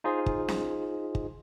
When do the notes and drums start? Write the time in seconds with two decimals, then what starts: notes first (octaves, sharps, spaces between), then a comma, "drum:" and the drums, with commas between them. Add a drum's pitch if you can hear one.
0.04 D#4 F4 G#4 C5 D#5
0.26 drum: kick
0.48 drum: snare C#4
1.15 drum: kick